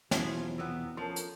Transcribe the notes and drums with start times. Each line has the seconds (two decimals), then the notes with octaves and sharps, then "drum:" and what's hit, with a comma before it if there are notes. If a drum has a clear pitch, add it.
0.11 E2 B2 F3 F#3 B3 C#4 E4 F4, drum: snare
0.58 C3 B3
0.97 F3 C#4 A4 A#4 C6
1.16 drum: hi-hat